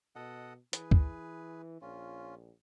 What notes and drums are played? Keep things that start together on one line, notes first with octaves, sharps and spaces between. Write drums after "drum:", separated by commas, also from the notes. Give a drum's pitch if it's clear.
B2 A4 D#5 F#5
E3 G#4 B4, drum: hi-hat
drum: kick D2
A#1 C#4 F4